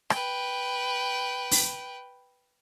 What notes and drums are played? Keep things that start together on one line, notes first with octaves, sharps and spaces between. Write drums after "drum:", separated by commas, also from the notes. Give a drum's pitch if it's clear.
B4 G5, drum: rim click
drum: open hi-hat